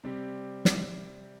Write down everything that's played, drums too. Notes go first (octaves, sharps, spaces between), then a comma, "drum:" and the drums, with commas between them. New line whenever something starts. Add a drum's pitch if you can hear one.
C3 G3 C4 G4
drum: snare